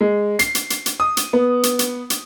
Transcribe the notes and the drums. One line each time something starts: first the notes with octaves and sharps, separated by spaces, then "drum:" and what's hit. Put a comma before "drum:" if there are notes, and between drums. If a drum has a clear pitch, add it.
G#3
C7, drum: hi-hat
drum: hi-hat
drum: hi-hat
drum: hi-hat
D#6
drum: hi-hat
B3
drum: hi-hat
drum: hi-hat
drum: hi-hat